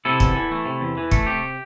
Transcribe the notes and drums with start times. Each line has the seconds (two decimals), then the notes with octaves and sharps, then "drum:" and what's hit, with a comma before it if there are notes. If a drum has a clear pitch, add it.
0.05 C3 E4 A4
0.20 E2, drum: kick
0.36 E3
0.51 A3
0.66 C3
0.81 E2
0.97 E3
1.11 A3, drum: kick
1.27 C3 G4